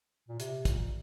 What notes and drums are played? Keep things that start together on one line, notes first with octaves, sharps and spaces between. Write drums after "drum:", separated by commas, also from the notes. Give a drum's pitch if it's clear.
A#2
C3, drum: hi-hat
A#2, drum: kick, hi-hat